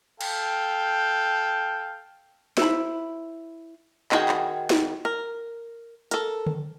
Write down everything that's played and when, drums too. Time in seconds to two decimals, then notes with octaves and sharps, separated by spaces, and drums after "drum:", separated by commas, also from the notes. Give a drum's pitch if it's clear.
0.21 A4 F5 G5, drum: cymbal
2.57 E4 C5 B5, drum: snare D#4
4.12 D#3 F#4 G#4 G5, drum: clap
4.29 drum: clap
4.70 drum: snare D#4
5.05 A#4
6.11 A4 A#4, drum: hi-hat
6.46 drum: tom D3